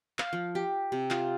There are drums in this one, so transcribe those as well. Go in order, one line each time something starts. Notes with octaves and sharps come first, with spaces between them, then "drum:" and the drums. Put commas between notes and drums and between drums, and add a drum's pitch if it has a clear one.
F5, drum: clap
F3
G4
C3
F4, drum: clap